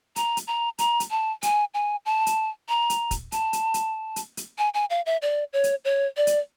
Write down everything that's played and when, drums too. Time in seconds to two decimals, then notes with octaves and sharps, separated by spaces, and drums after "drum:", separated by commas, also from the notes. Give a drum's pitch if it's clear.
0.16 A#5, drum: hi-hat
0.37 drum: hi-hat
0.47 A#5
0.78 A#5, drum: hi-hat
1.00 drum: hi-hat
1.10 A5
1.43 G#5, drum: hi-hat
1.74 G#5
2.05 A5
2.26 drum: hi-hat
2.69 A#5
2.90 drum: hi-hat
3.11 drum: kick, hi-hat
3.32 A5, drum: hi-hat
3.53 drum: hi-hat
3.74 drum: hi-hat
4.16 drum: hi-hat
4.37 drum: hi-hat
4.58 G#5
4.74 G#5
4.90 F5
5.06 E5
5.22 D5
5.53 C#5
5.64 drum: hi-hat
5.85 C#5
6.17 D5
6.27 drum: hi-hat